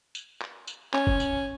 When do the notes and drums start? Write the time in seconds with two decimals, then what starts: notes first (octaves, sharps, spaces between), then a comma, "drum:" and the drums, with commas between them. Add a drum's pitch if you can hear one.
0.15 drum: tambourine
0.41 drum: clap
0.68 drum: tambourine
0.94 C#4, drum: clap
1.07 drum: kick F#1
1.20 drum: tambourine